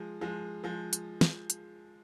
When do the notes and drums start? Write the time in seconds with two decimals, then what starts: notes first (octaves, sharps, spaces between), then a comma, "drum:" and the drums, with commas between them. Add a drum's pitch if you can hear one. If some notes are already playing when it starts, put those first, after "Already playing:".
Already playing: F3 G#3
0.21 F3 G#3
0.64 F3 G#3
0.93 drum: hi-hat
1.21 drum: snare
1.50 drum: hi-hat